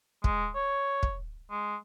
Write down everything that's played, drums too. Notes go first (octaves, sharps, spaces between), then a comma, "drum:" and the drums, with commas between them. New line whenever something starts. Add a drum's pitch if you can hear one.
G#3, drum: kick
C#5
drum: kick
G#3